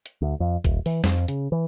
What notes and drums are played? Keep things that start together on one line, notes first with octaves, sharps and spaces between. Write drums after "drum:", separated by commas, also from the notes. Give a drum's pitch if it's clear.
drum: hi-hat
D2
F2
D#1, drum: kick G#1, hi-hat
E3, drum: open hi-hat
F2, drum: snare
C#3, drum: hi-hat
E3